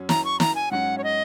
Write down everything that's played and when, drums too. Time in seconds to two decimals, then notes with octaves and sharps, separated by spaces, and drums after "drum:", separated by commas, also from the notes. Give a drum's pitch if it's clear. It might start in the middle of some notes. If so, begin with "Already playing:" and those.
Already playing: F#2 F#3 C#4
0.09 A#5, drum: snare
0.25 C#6
0.40 A#5, drum: snare
0.55 G#5
0.71 G#2 F#3 C#4 F#4 F#5
0.98 C#5
1.04 D#5